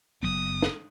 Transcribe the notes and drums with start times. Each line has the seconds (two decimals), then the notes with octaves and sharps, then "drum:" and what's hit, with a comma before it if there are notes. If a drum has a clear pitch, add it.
0.23 F#1 F#3 B3 D#6
0.62 drum: snare